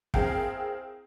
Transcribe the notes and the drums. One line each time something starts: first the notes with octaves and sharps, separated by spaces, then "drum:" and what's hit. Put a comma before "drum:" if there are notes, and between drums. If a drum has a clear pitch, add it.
C4 E4 G#4 A#4 F5 G5, drum: kick